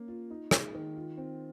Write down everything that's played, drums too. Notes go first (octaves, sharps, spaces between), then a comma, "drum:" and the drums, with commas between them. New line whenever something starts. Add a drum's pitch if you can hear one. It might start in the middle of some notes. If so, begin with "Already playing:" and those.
Already playing: A#3 C#4
F4
D#4
G#3, drum: rim click
D#3
F4
C4